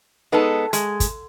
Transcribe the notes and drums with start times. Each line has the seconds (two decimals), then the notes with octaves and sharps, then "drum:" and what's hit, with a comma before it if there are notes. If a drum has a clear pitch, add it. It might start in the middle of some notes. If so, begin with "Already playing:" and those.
0.32 G#3 B3 D#4 A4
0.73 G#3, drum: hi-hat
1.00 drum: kick, hi-hat